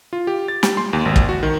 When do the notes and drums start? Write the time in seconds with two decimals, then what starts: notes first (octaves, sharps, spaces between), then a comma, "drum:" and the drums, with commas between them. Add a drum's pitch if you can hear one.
0.13 F4
0.27 G4
0.48 A6
0.63 G4, drum: snare
0.77 C6
0.93 D#2
1.05 G#1
1.16 drum: kick
1.29 F#4
1.43 D#3